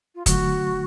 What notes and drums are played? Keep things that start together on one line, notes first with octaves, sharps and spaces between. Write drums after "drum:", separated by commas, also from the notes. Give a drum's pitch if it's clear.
F4
D3 F#3 A3 F#4, drum: kick, hi-hat